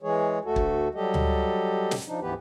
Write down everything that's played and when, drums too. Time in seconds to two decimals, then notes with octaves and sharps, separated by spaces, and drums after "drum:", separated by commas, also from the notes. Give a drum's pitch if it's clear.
0.03 E3 G#3 G#4 C#5
0.45 D2 A3 F#4 A4
0.56 drum: kick
0.95 F#3 G3 G4 A4 D#5
1.14 drum: tom D2
1.91 drum: snare
2.07 F3 D4 D#4
2.21 D2 G#2 E3 B3 G4 B4